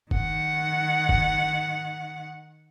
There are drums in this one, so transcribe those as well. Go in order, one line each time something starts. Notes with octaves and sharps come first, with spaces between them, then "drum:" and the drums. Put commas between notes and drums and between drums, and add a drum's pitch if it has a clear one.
D#3 F#5, drum: kick F#1
drum: kick F#1